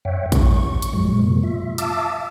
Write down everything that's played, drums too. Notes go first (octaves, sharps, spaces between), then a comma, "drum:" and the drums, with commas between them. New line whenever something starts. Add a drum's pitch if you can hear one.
F#2 C#5 E5 F#5 G5
C#6, drum: kick, hi-hat
drum: hi-hat
F#2 A#2 F3 F#3 G#3
C3 A#3
F4 E5
E5 F5 A5 D6 E6, drum: hi-hat